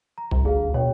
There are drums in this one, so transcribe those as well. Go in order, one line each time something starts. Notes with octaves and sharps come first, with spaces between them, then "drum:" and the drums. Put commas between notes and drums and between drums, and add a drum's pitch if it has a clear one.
A#5
C2, drum: kick G#1
D2 G#4 F5
B2 C#5 G5